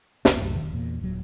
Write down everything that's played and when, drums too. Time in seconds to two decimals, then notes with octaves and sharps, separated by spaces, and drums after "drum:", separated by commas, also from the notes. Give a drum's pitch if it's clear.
0.25 F1 C#2 C#4 D4, drum: snare
0.38 C2 F#2 A2
0.56 E1 D#3
0.72 E2 A#2
1.01 D#1 A#2 F#3